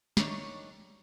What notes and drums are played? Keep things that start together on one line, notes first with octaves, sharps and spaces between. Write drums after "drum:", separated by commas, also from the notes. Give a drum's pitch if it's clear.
D#3 D4 C#5, drum: snare